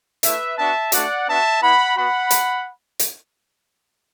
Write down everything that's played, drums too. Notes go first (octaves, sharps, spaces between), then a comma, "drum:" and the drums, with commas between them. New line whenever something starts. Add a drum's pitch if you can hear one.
A3 E4 B4 E5, drum: hi-hat
B3 D4 F#4 E5 A5
A3 D4 F#4 D5 F#5, drum: hi-hat
B3 D4 F#4 E5 A5
B3 E4 F#5 B5
B3 F#4 F#5 B5
drum: hi-hat
drum: hi-hat